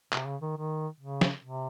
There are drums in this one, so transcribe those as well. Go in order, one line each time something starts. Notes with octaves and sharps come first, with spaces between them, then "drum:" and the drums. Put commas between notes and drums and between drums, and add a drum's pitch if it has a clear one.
C3, drum: clap
C#3
D#3
D#3
C#3
drum: snare
C3